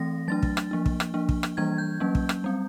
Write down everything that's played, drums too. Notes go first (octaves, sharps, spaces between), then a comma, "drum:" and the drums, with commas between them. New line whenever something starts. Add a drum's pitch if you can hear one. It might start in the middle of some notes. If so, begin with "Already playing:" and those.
Already playing: E3 A3 C4 A#6
F#3 A3 D4 A6
drum: kick
drum: rim click
F3 A#3 D4
drum: kick
drum: rim click
F3 A#3 D4
drum: kick
drum: rim click
E3 G3 A#3 D4 G#6
G6
F#3 A#3 C#4
drum: kick
drum: rim click
G3 C4